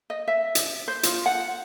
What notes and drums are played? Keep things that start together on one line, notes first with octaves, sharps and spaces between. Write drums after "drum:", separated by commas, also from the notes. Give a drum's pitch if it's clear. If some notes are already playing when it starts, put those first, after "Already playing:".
D#5
E5
drum: hi-hat
C5
F4, drum: hi-hat
F#5